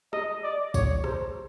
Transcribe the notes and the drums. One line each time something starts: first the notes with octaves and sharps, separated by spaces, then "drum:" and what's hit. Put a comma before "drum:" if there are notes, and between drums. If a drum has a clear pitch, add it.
D#5, drum: rim click
D5
C#5, drum: kick, tambourine
C5, drum: rim click